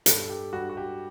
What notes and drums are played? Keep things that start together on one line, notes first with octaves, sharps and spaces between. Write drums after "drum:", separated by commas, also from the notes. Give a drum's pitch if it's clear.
G2 A4, drum: hi-hat
A4
G4
G2 F#4
F#4
G4